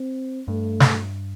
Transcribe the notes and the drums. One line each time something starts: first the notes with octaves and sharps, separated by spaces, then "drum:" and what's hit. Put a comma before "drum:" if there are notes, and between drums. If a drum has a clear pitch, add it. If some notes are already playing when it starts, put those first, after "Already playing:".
Already playing: C4
G2 A3
drum: snare